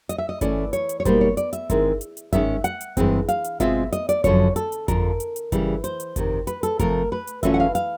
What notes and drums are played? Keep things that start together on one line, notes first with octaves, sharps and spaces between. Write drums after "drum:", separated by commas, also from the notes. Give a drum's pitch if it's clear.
D#5, drum: hi-hat
E5
D#5
E3 A3 C#4 D5, drum: kick G1, hi-hat
C#5, drum: hi-hat
drum: hi-hat
C#5
B2 G3 A#3 D#4 C5, drum: kick G1, hi-hat
C#5
D5, drum: hi-hat
E5, drum: hi-hat
D#3 G#3 C4 E4, drum: kick G1, hi-hat
drum: hi-hat
drum: hi-hat
G#2 D#3 G#3 C#4 E5, drum: kick G1, hi-hat
F#5, drum: hi-hat
drum: hi-hat
G2 E3 G#3 C4, drum: kick G1, hi-hat
F5, drum: hi-hat
drum: hi-hat
B2 G#3 C4 F4 E5, drum: kick G1, hi-hat
D#5, drum: hi-hat
D5, drum: hi-hat
F#2 D3 F3 C#5, drum: kick G1, hi-hat
A4, drum: hi-hat
drum: hi-hat
F2 D3 F3 A#4, drum: kick G1, hi-hat
drum: hi-hat
drum: hi-hat
C#3 E3 G3, drum: kick G1, hi-hat
C5, drum: hi-hat
drum: hi-hat
F2 C3 D#3, drum: kick G1, hi-hat
B4, drum: hi-hat
A4, drum: hi-hat
C3 F3 A3 C4 A#4, drum: kick G1, hi-hat
B4
drum: hi-hat
E3 A3 C#4 F4 E5, drum: kick G1, hi-hat
F#5
F5
F5, drum: hi-hat